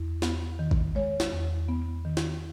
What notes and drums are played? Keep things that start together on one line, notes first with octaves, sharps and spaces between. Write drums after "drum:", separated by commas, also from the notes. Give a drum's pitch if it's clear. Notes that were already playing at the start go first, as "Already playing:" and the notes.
Already playing: E2
B3, drum: snare
D#3
drum: kick G#1
G#3 C#5
drum: snare
E2
B3
D#3
drum: snare